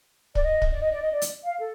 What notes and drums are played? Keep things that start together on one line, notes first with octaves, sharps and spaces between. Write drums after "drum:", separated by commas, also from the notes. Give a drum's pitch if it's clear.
D5, drum: kick
D#5
drum: kick
D5
D#5
D5
D#5
D5
drum: hi-hat
F5
A4